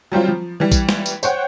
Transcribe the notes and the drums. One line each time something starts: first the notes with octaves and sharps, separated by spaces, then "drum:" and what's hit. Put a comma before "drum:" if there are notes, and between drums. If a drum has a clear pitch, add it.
F#3 G3 C4 F4
F3
E3 G3
drum: kick A#1, tambourine
drum: snare
drum: tambourine
C5 C#5 F#5 G5, drum: tambourine